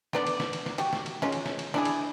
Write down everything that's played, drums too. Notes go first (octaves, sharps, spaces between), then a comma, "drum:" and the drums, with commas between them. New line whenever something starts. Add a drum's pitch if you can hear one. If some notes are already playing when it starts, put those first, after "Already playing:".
D3 B3 D5, drum: snare
drum: cymbal
drum: snare
drum: cymbal
drum: snare
F#4 G4, drum: cymbal
drum: snare
drum: cymbal
G#3 C#4 F4, drum: snare
drum: cymbal
drum: snare
drum: cymbal
D4 E4 G#4, drum: snare
drum: cymbal